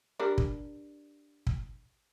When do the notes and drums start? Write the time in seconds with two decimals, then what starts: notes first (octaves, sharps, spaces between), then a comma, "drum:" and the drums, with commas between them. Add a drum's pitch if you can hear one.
0.19 G3 D4 A#4
0.38 drum: kick
1.47 drum: kick